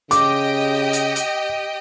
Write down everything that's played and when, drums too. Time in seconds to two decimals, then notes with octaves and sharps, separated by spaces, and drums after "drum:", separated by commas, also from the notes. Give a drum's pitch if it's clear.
0.11 C#3 G4 D#5 G5 D6, drum: hi-hat
0.93 drum: hi-hat
1.16 drum: hi-hat